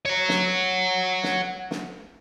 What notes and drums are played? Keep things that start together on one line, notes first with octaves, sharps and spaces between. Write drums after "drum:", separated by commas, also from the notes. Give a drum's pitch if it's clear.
C#5 F#5
drum: snare
drum: snare
drum: snare